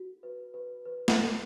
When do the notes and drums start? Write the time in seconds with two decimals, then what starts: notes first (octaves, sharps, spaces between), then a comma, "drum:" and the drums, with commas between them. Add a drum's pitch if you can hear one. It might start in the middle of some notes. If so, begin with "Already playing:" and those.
Already playing: F#4
0.23 B4
0.54 B4
0.85 B4
1.08 B4, drum: snare